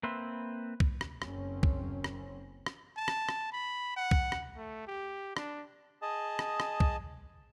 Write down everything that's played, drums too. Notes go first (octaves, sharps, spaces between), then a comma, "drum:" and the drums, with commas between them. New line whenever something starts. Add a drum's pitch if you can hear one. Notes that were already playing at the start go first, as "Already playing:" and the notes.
A#3 C4 B4 E5 C6
drum: kick
drum: rim click
F#1 C4 C#4, drum: rim click
drum: kick
drum: rim click
drum: rim click
A5
drum: rim click
drum: rim click
B5
F#5
drum: kick
drum: rim click
A3
G4
D4, drum: rim click
G#4 D#5 A5
drum: rim click
drum: rim click
drum: kick